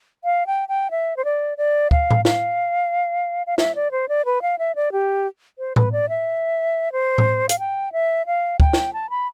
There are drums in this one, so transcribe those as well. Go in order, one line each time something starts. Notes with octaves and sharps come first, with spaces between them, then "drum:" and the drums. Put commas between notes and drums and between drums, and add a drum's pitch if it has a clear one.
F5
G5
G5
E5
C5
D5
D5
F5, drum: kick
drum: tom A2
F5, drum: snare
F5
E5, drum: snare
D5
C5
D5
B4
F5
E5
D5
G4
C5
B4, drum: tom A2
D5
E5
C5
drum: tom A2
F5, drum: hi-hat
G5
E5
F5
G5, drum: kick
drum: snare
A5
B5